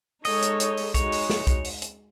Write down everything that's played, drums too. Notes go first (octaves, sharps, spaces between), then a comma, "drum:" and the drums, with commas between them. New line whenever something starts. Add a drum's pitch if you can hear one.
G#3 D#4 A4 C#5 D#5, drum: open hi-hat
drum: hi-hat
drum: hi-hat
drum: open hi-hat
G#3 D#4 F#4 C#5, drum: kick B1, hi-hat
drum: open hi-hat
drum: snare
drum: kick B1, hi-hat
drum: open hi-hat
drum: hi-hat